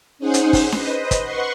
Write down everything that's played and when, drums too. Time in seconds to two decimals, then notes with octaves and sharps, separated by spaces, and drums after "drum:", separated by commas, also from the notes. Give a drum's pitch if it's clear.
0.19 C#4 D#4 G#4 C5 F#5 G#5
0.34 drum: hi-hat
0.53 drum: kick, open hi-hat
0.72 B4 C5 D#5, drum: snare D4
1.11 drum: kick, hi-hat
1.22 B4 F#5 C6 C#6